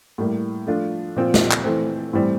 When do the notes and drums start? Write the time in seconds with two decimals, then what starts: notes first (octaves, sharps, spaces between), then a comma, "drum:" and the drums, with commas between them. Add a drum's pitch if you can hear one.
0.18 A2 G3 A#3 E4
0.67 F3 A3 D4 F4
1.16 A#2 F3 C4 F4
1.34 drum: snare
1.51 drum: clap
1.64 E3 A3 C4
2.13 A2 E3 G3 C4